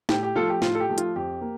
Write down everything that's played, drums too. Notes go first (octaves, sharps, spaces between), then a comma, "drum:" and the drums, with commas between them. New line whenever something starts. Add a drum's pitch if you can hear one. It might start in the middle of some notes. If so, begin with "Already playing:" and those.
A2 G4, drum: snare
G4
F3 A3 F4 A4
G4
A2 F4, drum: snare
A4
G4
F3 A3
F4, drum: hi-hat
F2 G4
A#3